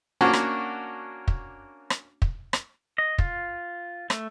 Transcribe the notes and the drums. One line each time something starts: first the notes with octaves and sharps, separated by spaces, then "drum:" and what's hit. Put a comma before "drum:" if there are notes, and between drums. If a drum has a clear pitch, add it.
A#3 C#4 D4 F#4
drum: rim click
drum: kick
drum: rim click
drum: kick
drum: rim click
D#5
F4, drum: kick
A3, drum: rim click